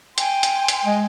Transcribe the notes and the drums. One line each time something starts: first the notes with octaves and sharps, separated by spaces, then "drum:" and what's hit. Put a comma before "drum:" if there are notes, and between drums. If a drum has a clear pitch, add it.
G5 G#5 C6, drum: hi-hat
drum: hi-hat
drum: hi-hat
G#3